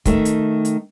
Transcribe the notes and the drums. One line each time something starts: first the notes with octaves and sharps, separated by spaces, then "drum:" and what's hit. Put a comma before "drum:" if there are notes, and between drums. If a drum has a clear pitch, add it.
D#3 A3, drum: kick, hi-hat
drum: hi-hat
drum: hi-hat